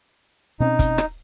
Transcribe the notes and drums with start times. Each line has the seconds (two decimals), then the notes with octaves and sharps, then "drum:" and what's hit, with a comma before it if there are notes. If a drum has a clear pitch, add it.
0.60 B2 C4 C#4 D#4
0.79 drum: kick, hi-hat
0.98 drum: rim click